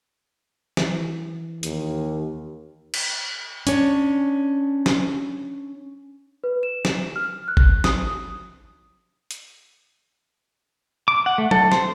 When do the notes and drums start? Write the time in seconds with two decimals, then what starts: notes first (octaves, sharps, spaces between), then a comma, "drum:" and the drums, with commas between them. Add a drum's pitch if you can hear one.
0.77 E3, drum: snare
1.63 D#2, drum: hi-hat
2.94 drum: cymbal
3.67 C#4 D4 C#5, drum: hi-hat
4.86 drum: snare
6.44 B4
6.63 E7
6.85 drum: snare
7.16 F6
7.48 F#6
7.57 drum: kick G1
7.84 D#6, drum: snare
9.31 drum: hi-hat
11.08 D6
11.26 F#5
11.38 A3
11.51 A4, drum: tom
11.72 C5, drum: snare